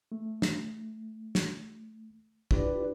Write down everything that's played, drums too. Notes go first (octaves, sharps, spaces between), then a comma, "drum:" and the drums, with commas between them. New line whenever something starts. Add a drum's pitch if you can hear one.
A3
drum: snare
drum: snare
D4 E4 F4 G4 B4 D5, drum: kick